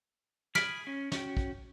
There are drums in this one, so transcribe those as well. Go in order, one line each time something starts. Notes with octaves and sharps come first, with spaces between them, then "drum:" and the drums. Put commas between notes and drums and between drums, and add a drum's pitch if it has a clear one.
G#4 B5 F6 B6 D7, drum: snare
C#4
C#4 F#4 G5, drum: snare
drum: kick